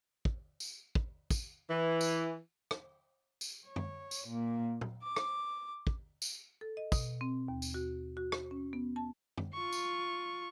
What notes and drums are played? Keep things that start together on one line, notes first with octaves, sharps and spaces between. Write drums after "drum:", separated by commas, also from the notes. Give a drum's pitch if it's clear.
drum: kick
drum: tambourine
drum: kick
drum: kick, tambourine
E3
drum: tambourine
drum: rim click
drum: tambourine
C#5
drum: tom F#2
drum: tambourine
A#2 A#3
drum: tom A#2
D6
drum: rim click
drum: kick
drum: tambourine
A4
D#5
B2, drum: kick, tambourine
C4
D#2
drum: tambourine
F#4
F#4
drum: rim click
C#4
B3
A5
drum: tom F#2
F4 C#6
drum: tambourine